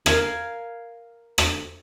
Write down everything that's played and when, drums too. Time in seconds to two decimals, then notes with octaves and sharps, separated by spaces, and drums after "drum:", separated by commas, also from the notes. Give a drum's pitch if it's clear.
0.06 A#4 F5 G#5, drum: rim click
1.38 drum: rim click